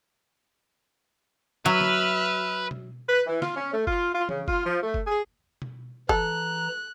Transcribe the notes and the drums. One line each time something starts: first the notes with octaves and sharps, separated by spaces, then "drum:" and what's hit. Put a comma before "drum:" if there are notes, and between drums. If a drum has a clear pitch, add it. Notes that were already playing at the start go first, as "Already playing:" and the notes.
F#3 B4 E5 F6
drum: snare
drum: tom B2
B4
E3
F4, drum: snare
C#4
A3
F4, drum: kick F#1
F4
C#3, drum: tom E3
F4, drum: kick F#1
F3
A3
drum: kick F#1
G#4
drum: tom B2
E3 A4 A#5 F#6, drum: kick F#1